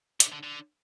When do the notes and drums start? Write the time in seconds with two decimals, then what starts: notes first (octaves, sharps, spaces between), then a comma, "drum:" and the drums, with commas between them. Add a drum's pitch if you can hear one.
0.20 D3, drum: hi-hat
0.32 D3
0.44 D3